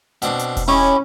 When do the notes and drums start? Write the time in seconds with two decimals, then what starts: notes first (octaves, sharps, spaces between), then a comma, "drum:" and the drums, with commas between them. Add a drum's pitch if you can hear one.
0.22 B2 C4 D4, drum: hi-hat
0.39 drum: hi-hat
0.57 drum: kick E1, open hi-hat
0.68 C#4 E4 G4 D#5 B5